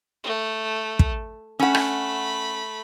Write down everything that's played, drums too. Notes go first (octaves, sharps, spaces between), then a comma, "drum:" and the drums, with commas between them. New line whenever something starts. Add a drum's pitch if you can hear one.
A3
drum: kick
A3 C#4 F#5 B5
drum: rim click